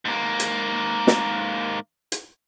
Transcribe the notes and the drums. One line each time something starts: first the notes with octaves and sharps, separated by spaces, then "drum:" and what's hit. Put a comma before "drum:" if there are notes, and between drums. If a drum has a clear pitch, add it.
G#2 A#3
drum: hi-hat
drum: snare
drum: hi-hat